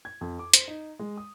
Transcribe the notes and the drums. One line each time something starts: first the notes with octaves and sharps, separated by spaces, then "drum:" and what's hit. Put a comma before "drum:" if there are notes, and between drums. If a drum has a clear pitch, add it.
G#6
F2
D6
C5, drum: hi-hat
D#4
G#3
D#6